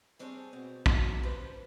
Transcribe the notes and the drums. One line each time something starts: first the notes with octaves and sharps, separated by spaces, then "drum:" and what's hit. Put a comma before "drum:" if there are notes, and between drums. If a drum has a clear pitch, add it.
G3 C4 D4 G#4 A#4 C#5
B2 B3 C4
F3 F#3 A#3 A#4, drum: kick
D4 G4 B4 C5